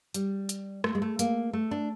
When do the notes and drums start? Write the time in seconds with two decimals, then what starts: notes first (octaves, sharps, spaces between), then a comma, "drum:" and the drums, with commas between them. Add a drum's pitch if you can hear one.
0.14 G3, drum: hi-hat
0.49 drum: hi-hat
0.84 A3, drum: rim click
0.95 G#3
1.02 A3
1.19 A#3, drum: hi-hat
1.53 A3
1.71 D4